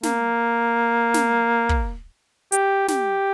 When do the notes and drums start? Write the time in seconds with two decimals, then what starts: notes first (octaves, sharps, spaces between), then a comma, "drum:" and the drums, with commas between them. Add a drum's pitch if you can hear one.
0.03 A#3, drum: snare
1.14 drum: snare
1.69 drum: kick
2.52 G4, drum: hi-hat
2.88 G4, drum: snare